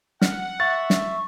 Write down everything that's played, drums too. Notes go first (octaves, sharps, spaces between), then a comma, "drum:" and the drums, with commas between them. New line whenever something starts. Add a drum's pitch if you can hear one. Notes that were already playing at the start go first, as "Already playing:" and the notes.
F#5 F6, drum: snare
E5 C#6 A6
drum: snare